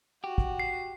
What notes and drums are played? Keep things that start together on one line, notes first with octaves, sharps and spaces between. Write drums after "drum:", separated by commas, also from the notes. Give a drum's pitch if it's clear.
F#4 G4
drum: kick
C7